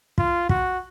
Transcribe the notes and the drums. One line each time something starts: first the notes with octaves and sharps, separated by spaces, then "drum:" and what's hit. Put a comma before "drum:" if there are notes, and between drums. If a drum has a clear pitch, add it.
F4, drum: kick
F#4, drum: kick